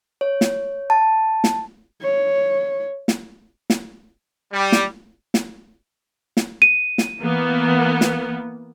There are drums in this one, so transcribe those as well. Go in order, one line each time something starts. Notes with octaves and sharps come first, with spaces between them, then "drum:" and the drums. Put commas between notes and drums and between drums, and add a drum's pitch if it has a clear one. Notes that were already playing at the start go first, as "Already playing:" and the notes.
C#5
drum: snare
A5
drum: snare
C#5
drum: snare
drum: snare
G3
drum: snare
drum: snare
drum: snare
D#7
drum: snare
E3 A#3 B3
drum: snare